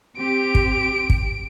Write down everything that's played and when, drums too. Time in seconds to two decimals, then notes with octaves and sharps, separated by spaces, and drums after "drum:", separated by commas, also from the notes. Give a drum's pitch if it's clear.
0.18 C4 G4 D7
0.55 drum: kick
1.10 drum: kick